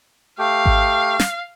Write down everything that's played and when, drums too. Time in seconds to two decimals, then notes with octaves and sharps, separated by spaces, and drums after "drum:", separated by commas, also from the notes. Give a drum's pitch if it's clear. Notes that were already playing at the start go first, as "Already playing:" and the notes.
0.39 A3 G4 F5
0.66 drum: kick G#1
1.19 drum: snare